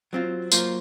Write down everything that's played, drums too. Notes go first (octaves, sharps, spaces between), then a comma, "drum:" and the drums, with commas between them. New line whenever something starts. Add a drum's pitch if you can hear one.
F#3 C4 F4
F#3 A#3 F4 C5, drum: tambourine